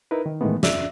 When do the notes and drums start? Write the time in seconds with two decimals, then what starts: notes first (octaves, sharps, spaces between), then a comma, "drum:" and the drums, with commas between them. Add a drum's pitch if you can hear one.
0.11 D#4 E4 A#4 B4
0.26 D#3
0.41 A2 D#3 E3 G#3 A3 B3
0.63 D5 E5, drum: snare